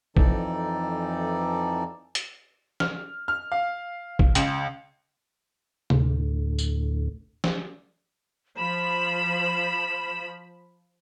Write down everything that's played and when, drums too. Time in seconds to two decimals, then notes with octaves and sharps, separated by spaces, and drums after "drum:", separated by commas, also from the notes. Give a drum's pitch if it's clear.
0.17 F2 E3 D#4 A4 D5, drum: kick
2.15 drum: hi-hat
2.80 F6, drum: snare
3.28 F6
3.52 F5
4.19 drum: kick
4.35 C#2, drum: hi-hat
5.90 D2 A2, drum: tom C3
6.59 drum: tambourine
7.44 drum: snare
8.57 F3 B5 E7